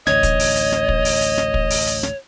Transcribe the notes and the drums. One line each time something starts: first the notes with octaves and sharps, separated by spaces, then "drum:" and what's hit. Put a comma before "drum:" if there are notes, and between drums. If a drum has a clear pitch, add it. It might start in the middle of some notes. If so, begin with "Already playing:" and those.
A1 D2 C#5 D#5 G#6, drum: snare
drum: kick, hi-hat
drum: open hi-hat
drum: hi-hat
drum: snare
drum: kick
drum: open hi-hat
drum: hi-hat
drum: snare
drum: kick
drum: open hi-hat
drum: hi-hat
drum: snare